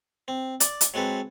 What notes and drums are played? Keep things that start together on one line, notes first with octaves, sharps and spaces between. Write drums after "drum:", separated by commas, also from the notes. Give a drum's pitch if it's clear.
C4
D5, drum: hi-hat
drum: hi-hat
F#3 G#3 C4 A4 B4